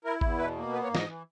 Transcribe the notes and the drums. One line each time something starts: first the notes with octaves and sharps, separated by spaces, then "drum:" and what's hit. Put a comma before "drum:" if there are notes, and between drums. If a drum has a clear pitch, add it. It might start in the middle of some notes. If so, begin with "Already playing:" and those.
E4 A#4
E2, drum: kick G#1
B2 B4
A#3
B3 B4
C#5
G#2
D#5, drum: snare
E3